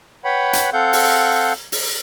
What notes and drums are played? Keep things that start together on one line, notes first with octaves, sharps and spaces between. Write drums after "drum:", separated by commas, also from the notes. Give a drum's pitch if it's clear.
B4 C#5 F#5 G5 B5
drum: hi-hat
C4 A4 F5 F#5 G6
drum: open hi-hat
drum: open hi-hat